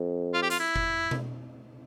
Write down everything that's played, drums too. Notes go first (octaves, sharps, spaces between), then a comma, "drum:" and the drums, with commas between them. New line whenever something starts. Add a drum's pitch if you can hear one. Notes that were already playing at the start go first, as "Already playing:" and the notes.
Already playing: F2
F4
G4
F4, drum: hi-hat
E4
drum: kick F#1
drum: tom B2